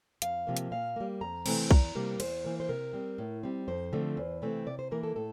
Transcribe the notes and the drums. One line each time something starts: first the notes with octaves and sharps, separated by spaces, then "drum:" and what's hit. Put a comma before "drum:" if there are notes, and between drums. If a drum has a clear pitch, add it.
F2 F5, drum: hi-hat
C3 F3 A#3
drum: hi-hat
A#2 F5
G3 A#3
F2 A#5
C3 E3 A3 C4, drum: cymbal
E2 A#5, drum: kick B1
C3 G3 A#3
E2 C5, drum: cymbal
E3 A#3
C5
C3 A#4
G3 C4
A2
G3 C4
F2 C5
D3 F3 A3 C4
E2
C3 E3 A3 C4
C3 D5
C5
E3 A#3 A#4
A4
A2 A4